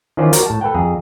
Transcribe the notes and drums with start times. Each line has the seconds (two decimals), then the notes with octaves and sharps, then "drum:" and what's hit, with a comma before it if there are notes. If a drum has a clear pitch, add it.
0.17 D#3 E3 C#4 F4 C5 D5
0.33 F#4 A#4 D5, drum: hi-hat
0.46 A2 A5
0.61 A4 B4 F#5 G5
0.74 F2 G#4 A#5